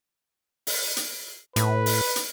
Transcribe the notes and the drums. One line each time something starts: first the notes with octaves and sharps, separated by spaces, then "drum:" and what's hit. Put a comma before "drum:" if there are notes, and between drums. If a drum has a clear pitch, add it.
drum: open hi-hat
drum: hi-hat
A2 B4, drum: hi-hat
drum: open hi-hat
drum: hi-hat